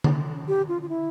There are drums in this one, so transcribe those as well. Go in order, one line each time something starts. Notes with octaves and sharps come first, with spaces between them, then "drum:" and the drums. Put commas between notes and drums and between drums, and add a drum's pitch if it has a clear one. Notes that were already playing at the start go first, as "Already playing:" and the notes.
drum: tom D3
G4
F4
F4
E4